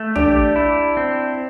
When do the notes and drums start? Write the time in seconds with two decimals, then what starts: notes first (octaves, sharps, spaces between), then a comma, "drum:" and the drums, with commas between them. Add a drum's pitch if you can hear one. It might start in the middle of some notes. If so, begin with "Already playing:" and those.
Already playing: A3
0.16 D4 G4, drum: tom
0.56 E4
0.97 C4